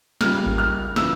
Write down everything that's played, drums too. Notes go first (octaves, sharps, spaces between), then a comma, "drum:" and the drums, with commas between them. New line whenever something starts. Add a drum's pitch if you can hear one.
C#2 C#3 G3 A#3 F6, drum: snare
drum: kick G#1
F6
C#3 E3 E6, drum: snare